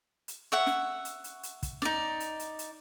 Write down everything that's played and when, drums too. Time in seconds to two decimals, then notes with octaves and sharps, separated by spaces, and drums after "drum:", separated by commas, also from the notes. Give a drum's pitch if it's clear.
0.28 drum: hi-hat
0.52 C#5 E5 F#5
0.66 drum: snare
1.05 drum: hi-hat
1.24 drum: hi-hat
1.43 drum: hi-hat
1.63 drum: kick, hi-hat
1.82 D#4 D5, drum: snare
2.20 drum: hi-hat
2.39 drum: hi-hat
2.59 drum: hi-hat